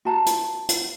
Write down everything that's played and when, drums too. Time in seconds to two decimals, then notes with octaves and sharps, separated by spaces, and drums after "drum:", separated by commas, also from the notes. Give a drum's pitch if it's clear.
0.05 F#4 A5 A#5
0.26 drum: hi-hat
0.69 drum: hi-hat